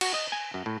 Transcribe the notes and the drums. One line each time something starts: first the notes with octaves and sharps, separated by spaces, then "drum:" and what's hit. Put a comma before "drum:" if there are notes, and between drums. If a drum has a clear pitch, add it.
F#4, drum: cymbal
D#5
G#5
F#2
A2